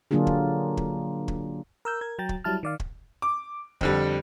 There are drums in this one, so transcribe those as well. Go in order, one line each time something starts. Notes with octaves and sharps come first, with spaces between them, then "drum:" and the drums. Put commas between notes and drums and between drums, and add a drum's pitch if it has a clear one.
D3 F#3 A#3 D4 F4 G#4
drum: kick
drum: kick
drum: kick
A#4 E6 G6
A#4 G#6
F#3 G5 A#5 A6
drum: kick
F#3 G3 E4 A5 F6
D#3 D5 F5
drum: kick
D6
F2 D3 G3, drum: kick